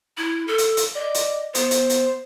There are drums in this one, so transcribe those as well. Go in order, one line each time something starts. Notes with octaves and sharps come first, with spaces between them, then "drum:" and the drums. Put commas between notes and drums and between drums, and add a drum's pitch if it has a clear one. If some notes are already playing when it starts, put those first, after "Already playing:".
E4
A4
drum: hi-hat
drum: hi-hat
D5 D#5
drum: hi-hat
B3 C5, drum: hi-hat
drum: hi-hat
drum: hi-hat